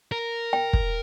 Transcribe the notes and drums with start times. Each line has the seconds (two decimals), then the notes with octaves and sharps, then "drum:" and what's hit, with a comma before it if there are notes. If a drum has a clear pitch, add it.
0.12 A#4
0.53 G5
0.73 drum: kick